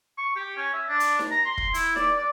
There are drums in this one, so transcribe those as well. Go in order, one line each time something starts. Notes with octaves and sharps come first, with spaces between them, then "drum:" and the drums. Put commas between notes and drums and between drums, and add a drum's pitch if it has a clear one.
C#6
G4
C#4
E5
D4
drum: hi-hat
drum: snare D#4
A#5
C6
drum: kick
E4, drum: hi-hat
D5, drum: snare D#4
D5